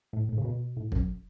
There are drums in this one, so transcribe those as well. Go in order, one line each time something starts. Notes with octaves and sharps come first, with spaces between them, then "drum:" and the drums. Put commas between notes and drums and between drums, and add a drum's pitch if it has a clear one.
A2
A2
C#3
B2
A2
F#2, drum: kick